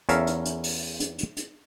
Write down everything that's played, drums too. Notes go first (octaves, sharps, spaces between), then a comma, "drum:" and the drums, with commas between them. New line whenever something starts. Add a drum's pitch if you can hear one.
E2 C#4 A4 A#4 E5 F5, drum: hi-hat
drum: hi-hat
drum: hi-hat
drum: open hi-hat
drum: hi-hat
drum: hi-hat
drum: hi-hat